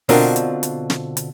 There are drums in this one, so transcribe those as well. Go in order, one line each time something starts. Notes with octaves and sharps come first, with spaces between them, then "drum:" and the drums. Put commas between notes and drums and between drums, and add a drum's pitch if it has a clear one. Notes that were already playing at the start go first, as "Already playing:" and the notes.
B2 D3 C4 D4 F4 A#4, drum: open hi-hat
drum: hi-hat
drum: hi-hat
drum: snare
drum: hi-hat